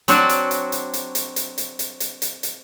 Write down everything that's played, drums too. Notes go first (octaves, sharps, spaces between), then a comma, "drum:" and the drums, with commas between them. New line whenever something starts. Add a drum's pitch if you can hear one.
F#3 C4 D4 F#4, drum: hi-hat
drum: hi-hat
drum: hi-hat
drum: hi-hat
drum: hi-hat
drum: hi-hat
drum: hi-hat
drum: hi-hat
drum: hi-hat
drum: hi-hat
drum: hi-hat
drum: hi-hat